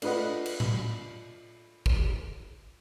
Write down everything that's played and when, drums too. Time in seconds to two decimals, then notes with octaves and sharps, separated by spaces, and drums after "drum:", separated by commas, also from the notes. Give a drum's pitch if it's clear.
0.02 A3 D4 F4 B4 D#5 F#5, drum: cymbal
0.46 drum: cymbal
0.60 drum: tom A2
1.86 drum: kick